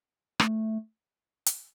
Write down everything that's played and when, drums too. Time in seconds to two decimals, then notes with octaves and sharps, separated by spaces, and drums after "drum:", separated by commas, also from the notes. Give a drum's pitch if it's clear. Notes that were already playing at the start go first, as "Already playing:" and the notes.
0.40 A3, drum: rim click
1.46 drum: hi-hat